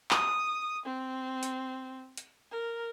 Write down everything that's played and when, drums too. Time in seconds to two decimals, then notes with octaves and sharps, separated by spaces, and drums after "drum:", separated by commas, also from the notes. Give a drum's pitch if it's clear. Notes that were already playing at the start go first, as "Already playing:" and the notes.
0.11 D#6, drum: clap
0.86 C4
1.43 drum: hi-hat
2.17 drum: hi-hat
2.51 A#4